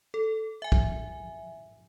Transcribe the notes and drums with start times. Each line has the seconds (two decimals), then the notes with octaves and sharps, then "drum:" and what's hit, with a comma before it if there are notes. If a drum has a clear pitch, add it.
0.14 A4
0.62 E5 G#5
0.72 drum: kick